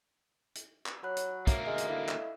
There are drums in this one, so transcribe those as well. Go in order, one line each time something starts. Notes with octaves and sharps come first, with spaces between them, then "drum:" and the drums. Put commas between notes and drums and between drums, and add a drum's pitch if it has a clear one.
drum: hi-hat
drum: clap
F#3 C#5 B5 F#6
drum: hi-hat
D2 A#3 E5, drum: kick, hi-hat
G#3 E5
drum: hi-hat
E4 A4 D#5 F5
drum: clap